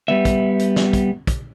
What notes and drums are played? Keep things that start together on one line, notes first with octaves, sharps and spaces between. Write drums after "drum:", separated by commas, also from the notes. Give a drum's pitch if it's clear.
G3 B3 E5
drum: kick, hi-hat
drum: hi-hat
drum: snare
drum: kick, hi-hat
drum: kick, hi-hat